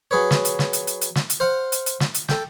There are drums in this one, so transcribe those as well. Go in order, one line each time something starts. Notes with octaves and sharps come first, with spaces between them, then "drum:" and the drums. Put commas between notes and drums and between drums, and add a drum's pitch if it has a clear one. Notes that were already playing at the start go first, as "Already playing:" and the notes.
F#3 G#4 B4 C#5
drum: snare
drum: hi-hat
drum: snare
drum: hi-hat
drum: hi-hat
drum: hi-hat
drum: snare
drum: hi-hat
C5 F5 F#5
drum: hi-hat
drum: hi-hat
drum: snare
drum: hi-hat
A4 G5, drum: snare